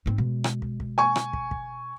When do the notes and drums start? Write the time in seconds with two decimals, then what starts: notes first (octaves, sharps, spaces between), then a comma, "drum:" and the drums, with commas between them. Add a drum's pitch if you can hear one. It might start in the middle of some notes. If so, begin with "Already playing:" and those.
0.06 G#2 C4
0.18 B2 G#3
0.44 drum: rim click
0.62 drum: kick
0.80 drum: kick
0.98 G#5 C#6
1.16 drum: rim click
1.33 drum: kick
1.51 drum: kick